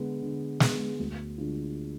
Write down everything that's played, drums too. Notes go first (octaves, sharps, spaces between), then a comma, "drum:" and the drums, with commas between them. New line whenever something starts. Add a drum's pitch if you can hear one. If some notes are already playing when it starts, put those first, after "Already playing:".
Already playing: D3 G#3 B3
D3
G#3 B3, drum: snare
D2
D3 G#3 D4 F4